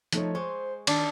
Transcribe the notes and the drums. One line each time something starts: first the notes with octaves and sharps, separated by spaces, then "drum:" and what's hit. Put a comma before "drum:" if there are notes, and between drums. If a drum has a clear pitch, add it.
F3 A3 D#4 C#5, drum: hi-hat
G#3 C5 C#6
D#3 D4, drum: cymbal